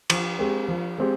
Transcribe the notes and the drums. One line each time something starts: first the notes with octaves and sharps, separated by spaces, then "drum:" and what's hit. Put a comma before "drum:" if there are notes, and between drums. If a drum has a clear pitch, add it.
F3, drum: cymbal
G#3 C4 G4
F3
G#3 C4 G4